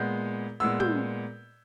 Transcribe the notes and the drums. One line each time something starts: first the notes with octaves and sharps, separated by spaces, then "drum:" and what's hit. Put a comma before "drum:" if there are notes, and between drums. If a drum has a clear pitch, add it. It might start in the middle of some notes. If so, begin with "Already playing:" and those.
Already playing: A#2 G#3 B3 G6
A#2 G#3 B3 E6
G6, drum: tom